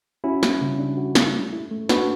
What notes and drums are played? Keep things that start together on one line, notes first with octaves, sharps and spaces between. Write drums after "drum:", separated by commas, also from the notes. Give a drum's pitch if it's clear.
C#4 E4 F#4
G3, drum: snare
C#3
D4
F#4
G3, drum: snare
A3
E4
A3
D4 F#4 B4, drum: snare